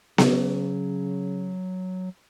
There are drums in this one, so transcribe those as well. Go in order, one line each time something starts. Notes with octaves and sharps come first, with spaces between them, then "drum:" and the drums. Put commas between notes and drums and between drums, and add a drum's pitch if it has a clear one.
C#3 F#3, drum: snare B3